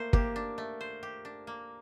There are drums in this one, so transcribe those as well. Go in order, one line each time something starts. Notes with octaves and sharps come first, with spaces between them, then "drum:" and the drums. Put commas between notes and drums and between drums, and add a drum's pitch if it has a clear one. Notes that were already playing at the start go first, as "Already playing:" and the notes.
Already playing: A3 A#3 C5
A#3 G4, drum: kick
D4
A3
C5
G4
D4
A#3